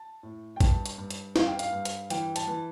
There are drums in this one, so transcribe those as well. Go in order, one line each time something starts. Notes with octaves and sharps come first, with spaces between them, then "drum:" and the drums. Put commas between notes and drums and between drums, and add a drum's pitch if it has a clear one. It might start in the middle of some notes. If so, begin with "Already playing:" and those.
Already playing: A5
A2
G5
G2 A5, drum: kick A1, hi-hat
drum: hi-hat
G2
drum: hi-hat
G2 F5, drum: snare
G5
F5, drum: hi-hat
G2
drum: hi-hat
E3 G5, drum: hi-hat
A5, drum: hi-hat
E3